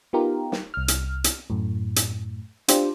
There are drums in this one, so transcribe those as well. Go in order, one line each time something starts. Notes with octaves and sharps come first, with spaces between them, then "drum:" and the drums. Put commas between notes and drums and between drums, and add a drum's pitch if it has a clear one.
B3 D#4 F4 G4 A#4
drum: snare
C2 F6
drum: hi-hat
drum: hi-hat
F#2 A2
drum: hi-hat
D4 F4 G4 C5, drum: hi-hat